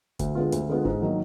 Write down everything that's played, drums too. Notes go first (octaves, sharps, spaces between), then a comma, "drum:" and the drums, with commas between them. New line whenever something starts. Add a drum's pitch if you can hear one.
D2, drum: kick F1, hi-hat
D3 G#3 B3 F4
D2, drum: hi-hat
D3 G#3 B3 F4
G#2, drum: kick F1
D#3 F#3 A#3 D#4